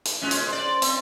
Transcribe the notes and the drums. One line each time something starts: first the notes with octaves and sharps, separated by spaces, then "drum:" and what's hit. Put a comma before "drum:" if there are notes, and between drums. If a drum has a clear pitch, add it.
drum: hi-hat
A#2 G#3 C#4
drum: hi-hat
C5 D5
C4, drum: hi-hat